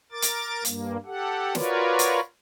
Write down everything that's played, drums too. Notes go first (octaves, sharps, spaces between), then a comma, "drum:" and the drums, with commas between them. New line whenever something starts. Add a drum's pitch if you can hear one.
A#4 D6 A6
drum: hi-hat
G2 A#3, drum: hi-hat
G4 A4 F#5
F4 F#4 A#4 B4 C#5 D5, drum: snare
drum: hi-hat